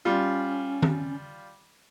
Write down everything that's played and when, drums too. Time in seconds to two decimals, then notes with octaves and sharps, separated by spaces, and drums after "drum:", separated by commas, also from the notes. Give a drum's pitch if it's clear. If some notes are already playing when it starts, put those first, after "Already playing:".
0.05 G3 C#4 F4
0.82 drum: tom D#3